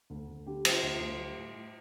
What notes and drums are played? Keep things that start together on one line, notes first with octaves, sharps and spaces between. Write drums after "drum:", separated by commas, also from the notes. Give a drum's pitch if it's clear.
D2
D2
D3 G4
G3, drum: cymbal
F4
D2
F4
D2
G3
A2
A2